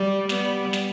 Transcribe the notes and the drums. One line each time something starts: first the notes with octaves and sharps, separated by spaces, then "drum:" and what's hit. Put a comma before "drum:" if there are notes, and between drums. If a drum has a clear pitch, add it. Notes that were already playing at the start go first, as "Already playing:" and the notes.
Already playing: G3
G3 B3, drum: snare
drum: snare